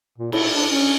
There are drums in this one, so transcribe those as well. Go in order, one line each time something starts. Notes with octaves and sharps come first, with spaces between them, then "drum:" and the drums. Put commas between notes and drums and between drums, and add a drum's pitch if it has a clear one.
A#2
E4, drum: cymbal
D4
C#4